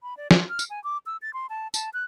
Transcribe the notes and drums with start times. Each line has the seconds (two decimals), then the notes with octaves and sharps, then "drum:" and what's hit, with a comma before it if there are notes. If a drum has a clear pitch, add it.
0.03 B5
0.17 D5
0.31 F4, drum: snare
0.49 F6
0.59 drum: tambourine
0.70 G#5
0.84 D6
1.06 E6
1.22 A6
1.34 C6
1.50 A5
1.74 A5, drum: tambourine
1.94 F#6